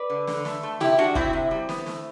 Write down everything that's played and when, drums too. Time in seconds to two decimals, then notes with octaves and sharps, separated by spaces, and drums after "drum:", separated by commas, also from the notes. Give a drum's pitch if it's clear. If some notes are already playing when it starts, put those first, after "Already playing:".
Already playing: B4 D5
0.10 D3
0.27 D3, drum: snare
0.45 A3, drum: snare
0.63 A3
0.80 C3 E4 G4, drum: snare
0.98 G3 D4 F#4
1.15 C3 C4 E4, drum: kick
1.33 C3
1.51 G3
1.69 B3, drum: snare
1.86 A3, drum: snare